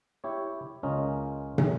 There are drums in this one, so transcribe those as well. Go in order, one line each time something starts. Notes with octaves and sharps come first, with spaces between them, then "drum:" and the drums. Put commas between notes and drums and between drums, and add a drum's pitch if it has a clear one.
E4 G4 C#5
C#2 C#4 F4 A#4 D#5
drum: tom